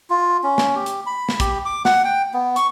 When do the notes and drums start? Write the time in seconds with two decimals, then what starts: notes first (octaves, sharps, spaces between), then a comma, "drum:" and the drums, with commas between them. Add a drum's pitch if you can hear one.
0.10 F4
0.43 C#4
0.58 drum: snare
0.75 G4
0.86 drum: hi-hat
1.06 B5
1.29 drum: snare
1.40 G4, drum: kick, hi-hat
1.65 D6
1.85 F#5, drum: snare
2.05 G5
2.33 B3
2.56 C#6, drum: hi-hat